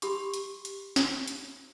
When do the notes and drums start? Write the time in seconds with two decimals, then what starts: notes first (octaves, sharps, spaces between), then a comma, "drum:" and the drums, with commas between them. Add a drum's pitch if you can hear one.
0.02 G4 B5 C6 D6, drum: hi-hat
0.34 drum: hi-hat
0.65 drum: hi-hat
0.96 drum: snare
1.28 drum: hi-hat